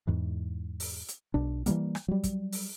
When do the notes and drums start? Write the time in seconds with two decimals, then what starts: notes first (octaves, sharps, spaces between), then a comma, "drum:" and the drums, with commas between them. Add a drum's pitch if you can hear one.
0.07 E2 G#2 E3
0.80 drum: open hi-hat
1.09 drum: hi-hat
1.34 B1 B2 D4
1.66 E3 F3 G3 A#3, drum: hi-hat
1.95 drum: rim click
2.08 F#3 G3
2.24 drum: kick, hi-hat
2.52 drum: open hi-hat